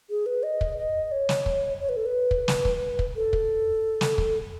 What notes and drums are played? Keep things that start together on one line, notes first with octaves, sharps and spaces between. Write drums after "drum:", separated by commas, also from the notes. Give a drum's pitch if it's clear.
G#4
B4
D#5
drum: kick
D#5
C#5
drum: snare
drum: kick
C#5
B4
A4
B4
drum: kick
drum: snare
drum: kick
drum: kick
A4
drum: kick
drum: snare
drum: kick